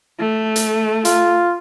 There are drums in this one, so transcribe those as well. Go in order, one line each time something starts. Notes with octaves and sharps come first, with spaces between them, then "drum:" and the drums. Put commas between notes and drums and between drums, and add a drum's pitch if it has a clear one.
A3
drum: hi-hat
F4, drum: hi-hat